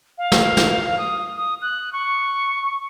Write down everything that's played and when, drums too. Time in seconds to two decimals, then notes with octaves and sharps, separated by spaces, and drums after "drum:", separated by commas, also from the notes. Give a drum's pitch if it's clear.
0.18 F5
0.32 drum: snare
0.57 drum: snare
0.98 D#6
1.37 D#6
1.62 F#6
1.93 C#6